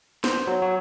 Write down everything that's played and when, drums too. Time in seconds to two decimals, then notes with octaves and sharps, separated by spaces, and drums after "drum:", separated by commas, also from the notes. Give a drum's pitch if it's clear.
0.24 C5, drum: snare
0.47 F#3
0.62 F#3